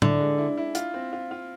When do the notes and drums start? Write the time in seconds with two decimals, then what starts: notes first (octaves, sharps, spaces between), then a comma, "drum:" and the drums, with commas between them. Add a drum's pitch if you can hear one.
0.02 D3 E4, drum: tom A2
0.20 G#3
0.38 E4
0.57 E4
0.75 F4, drum: hi-hat
0.94 C4
1.13 F4
1.31 F4